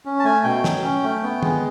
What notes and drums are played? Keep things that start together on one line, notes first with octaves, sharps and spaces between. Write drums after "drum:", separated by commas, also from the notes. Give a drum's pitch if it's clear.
C#4
A5
A3 G#5
B2 G5
F#3, drum: snare
C#4
A3
B3
G#3, drum: tom